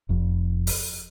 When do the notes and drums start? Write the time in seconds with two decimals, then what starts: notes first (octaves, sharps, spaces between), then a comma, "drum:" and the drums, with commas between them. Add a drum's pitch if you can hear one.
0.09 F1 F2
0.67 drum: open hi-hat